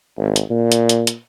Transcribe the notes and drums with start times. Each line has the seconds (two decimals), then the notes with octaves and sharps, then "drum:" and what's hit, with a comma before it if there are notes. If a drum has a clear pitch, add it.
0.18 G#1
0.36 drum: hi-hat
0.50 A#2
0.72 drum: hi-hat
0.89 drum: hi-hat
1.07 drum: hi-hat